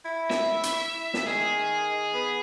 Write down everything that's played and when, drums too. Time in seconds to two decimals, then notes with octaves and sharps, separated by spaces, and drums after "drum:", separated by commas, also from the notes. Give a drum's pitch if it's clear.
0.05 E4
0.30 E5, drum: snare
0.63 drum: hi-hat
1.14 drum: snare
1.27 D#3 G#4
2.14 B3